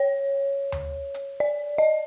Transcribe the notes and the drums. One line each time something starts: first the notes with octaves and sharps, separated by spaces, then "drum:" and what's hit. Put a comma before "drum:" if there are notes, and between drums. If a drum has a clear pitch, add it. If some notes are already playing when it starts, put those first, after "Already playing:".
Already playing: C#5
drum: tom D2
drum: hi-hat
D5
D#5